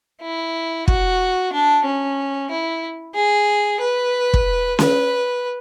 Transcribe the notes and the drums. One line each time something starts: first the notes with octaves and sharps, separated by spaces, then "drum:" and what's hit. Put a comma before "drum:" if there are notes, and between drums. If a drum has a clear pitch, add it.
E4
F#4, drum: kick
D4
C#4
E4
G#4
B4
drum: kick
B4, drum: snare C#4